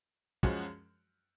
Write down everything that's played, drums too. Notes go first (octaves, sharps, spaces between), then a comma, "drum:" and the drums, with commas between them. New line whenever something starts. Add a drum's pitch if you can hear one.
F#2 F3 G#3 C#4 F#4, drum: kick